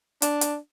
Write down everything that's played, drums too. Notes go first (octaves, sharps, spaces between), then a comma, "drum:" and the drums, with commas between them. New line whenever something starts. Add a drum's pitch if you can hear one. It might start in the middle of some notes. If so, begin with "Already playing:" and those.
D4, drum: hi-hat
drum: hi-hat